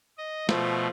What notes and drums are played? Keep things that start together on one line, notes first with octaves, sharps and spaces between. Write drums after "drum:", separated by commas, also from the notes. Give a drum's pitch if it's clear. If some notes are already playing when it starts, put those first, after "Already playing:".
D#5
B2 F3 A3, drum: snare